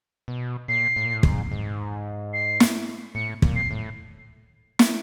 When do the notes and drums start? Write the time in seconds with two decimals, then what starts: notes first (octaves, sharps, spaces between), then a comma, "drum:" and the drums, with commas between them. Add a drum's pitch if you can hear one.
0.28 B2
0.68 A#2 C7
0.96 A2
1.05 A#2
1.14 A2
1.23 G#2, drum: kick
1.51 G#2
2.34 C7
2.60 drum: snare
3.15 A2 C#7
3.42 A#2, drum: kick
3.56 C7
3.70 A2
4.79 drum: snare